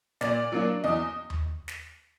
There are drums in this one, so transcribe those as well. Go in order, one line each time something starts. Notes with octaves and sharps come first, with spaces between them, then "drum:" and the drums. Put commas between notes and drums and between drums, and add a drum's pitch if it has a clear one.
A#2 D5, drum: snare
F#3 A#3 D4
E2 D#5
drum: tom D#2
drum: snare